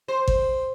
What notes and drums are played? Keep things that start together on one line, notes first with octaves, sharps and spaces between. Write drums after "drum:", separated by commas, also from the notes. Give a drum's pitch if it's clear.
C5
drum: kick G#1